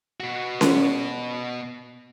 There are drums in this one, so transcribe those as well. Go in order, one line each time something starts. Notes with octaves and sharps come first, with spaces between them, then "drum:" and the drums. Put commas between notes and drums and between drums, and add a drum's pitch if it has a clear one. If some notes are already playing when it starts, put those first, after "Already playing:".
B2 F#4
drum: snare C#4